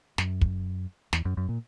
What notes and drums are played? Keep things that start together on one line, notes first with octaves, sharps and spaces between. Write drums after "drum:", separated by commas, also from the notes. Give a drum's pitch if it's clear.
F#2, drum: snare
drum: kick
E2, drum: snare
F#2
F#2
A#2